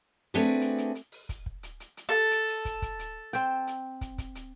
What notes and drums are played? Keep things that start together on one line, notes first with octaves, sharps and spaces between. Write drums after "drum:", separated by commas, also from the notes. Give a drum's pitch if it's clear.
A3 C4 D4 F#4 G#4 B4
drum: hi-hat
drum: hi-hat
drum: hi-hat
drum: open hi-hat
drum: kick, hi-hat
drum: kick
drum: hi-hat
drum: hi-hat
drum: hi-hat
A4
drum: hi-hat
drum: open hi-hat
drum: kick, hi-hat
drum: kick, hi-hat
drum: hi-hat
C4 G5, drum: hi-hat
drum: hi-hat
drum: kick, hi-hat
drum: kick, hi-hat
drum: hi-hat